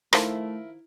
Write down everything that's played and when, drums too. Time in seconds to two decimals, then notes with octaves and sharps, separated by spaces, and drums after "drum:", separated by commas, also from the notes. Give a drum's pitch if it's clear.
0.13 D#3 F3 A3 E4 A4 A#4, drum: rim click